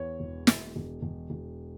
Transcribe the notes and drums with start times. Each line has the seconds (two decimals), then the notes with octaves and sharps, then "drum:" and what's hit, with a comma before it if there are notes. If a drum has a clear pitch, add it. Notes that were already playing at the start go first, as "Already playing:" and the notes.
Already playing: E2 C#5
0.20 E1
0.47 E1, drum: snare
0.76 E1
1.02 E1
1.30 E1